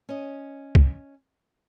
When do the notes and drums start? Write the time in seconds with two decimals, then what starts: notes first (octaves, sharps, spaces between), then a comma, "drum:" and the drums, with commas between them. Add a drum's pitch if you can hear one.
0.09 C#4 D#5
0.75 drum: kick